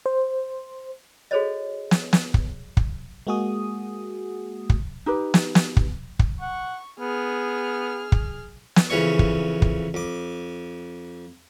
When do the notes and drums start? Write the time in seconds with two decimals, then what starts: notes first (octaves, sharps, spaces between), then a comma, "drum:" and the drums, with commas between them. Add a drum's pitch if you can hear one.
0.06 C5
1.31 F#4 G#4 A4 C5 C#5 D#5
1.91 drum: snare
2.13 drum: snare
2.34 drum: kick
2.77 drum: kick
3.27 G#3 A#3 F#4 G#4 D#6
4.70 drum: kick
5.06 D#4 G4 B4
5.34 drum: snare
5.55 drum: snare
5.77 drum: kick
6.19 drum: kick
6.41 F#5 C#6
7.00 B3 G#4 F6
8.12 drum: kick
8.76 drum: snare
8.90 F2 C#3 E3 C#5 C#6
9.19 drum: kick
9.62 drum: kick
9.94 F2 D6